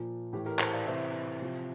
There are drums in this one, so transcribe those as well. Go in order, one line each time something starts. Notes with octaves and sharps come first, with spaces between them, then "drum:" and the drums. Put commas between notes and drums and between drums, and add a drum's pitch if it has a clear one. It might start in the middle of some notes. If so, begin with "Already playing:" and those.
Already playing: A#2 F3
A2 E3 G4
G4 A#4
A4 C5, drum: clap
D5 F5
C3 E3 C5 E5
C3 F3